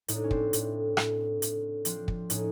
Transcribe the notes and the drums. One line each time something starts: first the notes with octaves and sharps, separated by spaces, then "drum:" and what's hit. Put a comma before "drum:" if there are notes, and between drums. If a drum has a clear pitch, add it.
A2 D#4, drum: hi-hat
D4
C#4
C4 D4, drum: kick
A2, drum: hi-hat
A2, drum: rim click
A2, drum: hi-hat
F3 C4 D4, drum: hi-hat
drum: kick
A2 C#4 D#4, drum: hi-hat